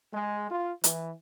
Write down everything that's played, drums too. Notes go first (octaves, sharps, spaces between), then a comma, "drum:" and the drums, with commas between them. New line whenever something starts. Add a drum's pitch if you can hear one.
G#3
F4
E3, drum: hi-hat